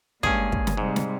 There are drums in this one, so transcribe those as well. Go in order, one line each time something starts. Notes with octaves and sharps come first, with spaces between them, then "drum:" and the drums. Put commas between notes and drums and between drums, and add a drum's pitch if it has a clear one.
G2 G#3 A#3 C#4 G#4, drum: kick
drum: kick
drum: snare
G#2 C3 G3
drum: snare